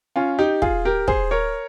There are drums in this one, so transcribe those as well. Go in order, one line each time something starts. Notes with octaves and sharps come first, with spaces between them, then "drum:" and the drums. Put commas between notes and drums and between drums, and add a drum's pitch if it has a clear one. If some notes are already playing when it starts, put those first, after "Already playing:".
C#4 F4
D#4 G4
F4 G#4, drum: kick
G4 A#4
G#4 C5, drum: kick
A#4 C#5